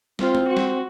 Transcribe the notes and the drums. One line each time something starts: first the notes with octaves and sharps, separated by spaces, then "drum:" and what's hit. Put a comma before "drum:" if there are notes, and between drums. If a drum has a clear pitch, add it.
C4 F4, drum: snare
drum: tom G#3
F#4
drum: snare